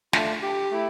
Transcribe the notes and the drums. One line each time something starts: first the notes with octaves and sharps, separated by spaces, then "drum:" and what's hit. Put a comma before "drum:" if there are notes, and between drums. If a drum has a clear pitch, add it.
A3 D4 F4, drum: snare
G4
A3 E4